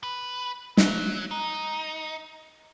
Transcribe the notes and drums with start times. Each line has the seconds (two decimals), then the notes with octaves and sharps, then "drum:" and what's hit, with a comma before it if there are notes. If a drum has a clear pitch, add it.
0.04 B4
0.77 F#3, drum: snare
1.31 D#4